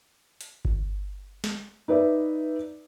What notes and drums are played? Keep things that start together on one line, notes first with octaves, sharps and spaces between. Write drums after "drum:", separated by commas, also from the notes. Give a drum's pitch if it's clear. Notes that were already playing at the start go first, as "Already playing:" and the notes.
drum: hi-hat
drum: kick G1
drum: snare
D#4 B4 D5 E5